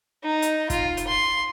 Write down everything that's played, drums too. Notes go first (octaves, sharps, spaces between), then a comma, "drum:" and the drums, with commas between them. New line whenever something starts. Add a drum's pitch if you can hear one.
D#4
drum: hi-hat
F4, drum: kick, hi-hat
drum: hi-hat
C6